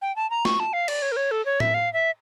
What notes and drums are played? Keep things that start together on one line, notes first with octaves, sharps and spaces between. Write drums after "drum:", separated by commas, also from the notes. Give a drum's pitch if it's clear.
G5
A5
A#5
C#6, drum: snare
A5
F5
D5, drum: cymbal
C#5
A#4
C#5
A4
C#5
E5, drum: tom A2
F5
E5